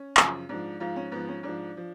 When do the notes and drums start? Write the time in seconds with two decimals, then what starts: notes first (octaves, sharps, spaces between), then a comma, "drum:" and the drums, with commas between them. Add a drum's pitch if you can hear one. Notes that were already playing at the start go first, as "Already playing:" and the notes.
Already playing: C#4
0.17 F#2 C#3 F3, drum: clap
0.49 G#2 F3 D4
0.80 G#2 F3 F4
0.96 C#4
1.12 G#2 F3 B3
1.28 C#4
1.43 G#2 F3 D4
1.77 F3